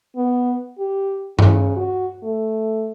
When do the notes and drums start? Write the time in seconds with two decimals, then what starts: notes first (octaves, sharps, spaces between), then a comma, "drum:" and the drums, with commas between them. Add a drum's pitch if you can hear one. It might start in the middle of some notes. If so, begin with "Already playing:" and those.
0.16 B3
0.79 G4
1.39 C#3, drum: tom G2
1.76 F#4
2.23 A3